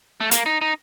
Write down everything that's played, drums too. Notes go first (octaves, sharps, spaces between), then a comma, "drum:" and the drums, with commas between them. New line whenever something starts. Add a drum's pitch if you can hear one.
A3
A#3, drum: hi-hat
D#4
D#4